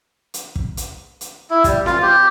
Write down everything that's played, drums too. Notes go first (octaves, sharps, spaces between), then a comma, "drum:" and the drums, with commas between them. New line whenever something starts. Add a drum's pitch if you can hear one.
drum: hi-hat
drum: kick
drum: hi-hat
drum: hi-hat
E4
G3, drum: kick, hi-hat
F4, drum: snare C4
G4